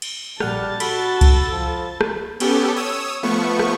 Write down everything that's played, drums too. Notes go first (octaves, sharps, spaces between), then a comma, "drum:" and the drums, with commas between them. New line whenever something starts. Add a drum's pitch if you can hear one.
drum: cymbal
A#1 G3 F#5 A5 F6 A6, drum: rim click
F#4 A4 B5, drum: cymbal
drum: kick C2, cymbal
F3
drum: rim click
B3 C#4 G4 A4, drum: cymbal
C#5 D#6 E6
F3 A3 B3 C#6
drum: rim click